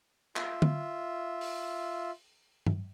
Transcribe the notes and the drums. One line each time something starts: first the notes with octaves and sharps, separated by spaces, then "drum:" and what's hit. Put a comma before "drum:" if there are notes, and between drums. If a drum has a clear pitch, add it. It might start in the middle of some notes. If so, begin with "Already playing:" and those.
F4 E5, drum: clap
drum: tom
drum: open hi-hat
drum: tom G2